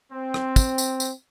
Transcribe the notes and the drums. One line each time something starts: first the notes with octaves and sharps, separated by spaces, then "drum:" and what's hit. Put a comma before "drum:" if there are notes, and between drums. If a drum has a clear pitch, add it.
C4
drum: rim click
drum: kick, tambourine
drum: tambourine
drum: tambourine